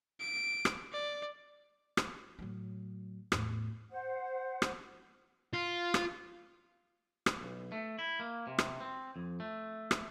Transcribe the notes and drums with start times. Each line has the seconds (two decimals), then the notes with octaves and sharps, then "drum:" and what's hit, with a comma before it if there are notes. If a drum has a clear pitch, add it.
0.20 D7
0.65 drum: rim click
0.93 D5
1.97 drum: rim click
2.39 A2 F#3
3.32 E2 A2, drum: rim click
3.90 C5 F#5
4.62 drum: rim click
5.53 F4
5.94 drum: rim click
7.26 drum: rim click
7.41 B1
7.72 A3
7.99 E4
8.20 A#3
8.47 C3
8.58 drum: rim click
8.81 C4
9.16 F2
9.40 A3
9.91 drum: rim click